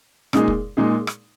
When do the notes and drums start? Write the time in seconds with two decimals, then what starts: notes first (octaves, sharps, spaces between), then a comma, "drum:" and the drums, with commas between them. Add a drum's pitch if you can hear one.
0.33 A#2 G#3 D#4 G#4, drum: rim click
0.48 drum: kick
0.77 A#2 G#3 D#4 G#4
1.07 drum: rim click